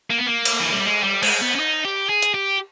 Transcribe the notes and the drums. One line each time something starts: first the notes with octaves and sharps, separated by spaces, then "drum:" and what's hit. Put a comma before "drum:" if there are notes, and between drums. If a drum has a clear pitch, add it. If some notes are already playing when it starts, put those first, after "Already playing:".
A#3
B3
A#3
drum: cymbal
E3
G3
G#3
G3
G#3, drum: cymbal
B3
C#4
D#4
G4
G#4
drum: hi-hat
G4